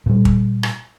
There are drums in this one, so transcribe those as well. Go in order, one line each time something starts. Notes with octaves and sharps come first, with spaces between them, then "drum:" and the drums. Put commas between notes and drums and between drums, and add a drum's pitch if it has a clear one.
A#2 G3
drum: kick
drum: rim click